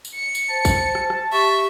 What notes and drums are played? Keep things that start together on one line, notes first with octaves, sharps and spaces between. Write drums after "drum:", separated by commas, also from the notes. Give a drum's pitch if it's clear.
drum: tambourine
C#7
drum: tambourine
C5 A5
drum: kick, tambourine
drum: rim click
drum: rim click
G4 E5 C#6